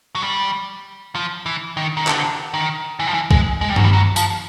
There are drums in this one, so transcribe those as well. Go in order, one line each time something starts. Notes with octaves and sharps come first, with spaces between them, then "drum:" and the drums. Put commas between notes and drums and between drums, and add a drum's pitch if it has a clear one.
F#3
G3
F3
E3
D#3
D#3
D3, drum: clap
D#3
E3
F3
E3
G#3, drum: kick
G#3
G3
F#3, drum: tom G2
G3
F#3
F3, drum: tambourine